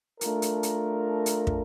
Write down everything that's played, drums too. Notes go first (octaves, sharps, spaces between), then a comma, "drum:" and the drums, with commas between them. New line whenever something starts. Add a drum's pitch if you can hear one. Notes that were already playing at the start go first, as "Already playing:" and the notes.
A3 D4 F4 A#4, drum: hi-hat
drum: hi-hat
drum: hi-hat
drum: hi-hat
drum: kick